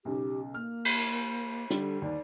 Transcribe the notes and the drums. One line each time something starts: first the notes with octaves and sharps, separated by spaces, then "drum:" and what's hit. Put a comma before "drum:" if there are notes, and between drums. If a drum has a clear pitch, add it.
B1 C#3 G4
A#3 F6
drum: cymbal
D3 G3 A4, drum: hi-hat
D#2 D5